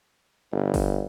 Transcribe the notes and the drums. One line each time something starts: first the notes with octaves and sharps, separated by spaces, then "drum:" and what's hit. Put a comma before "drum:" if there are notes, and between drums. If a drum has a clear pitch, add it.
G1
drum: kick G1, open hi-hat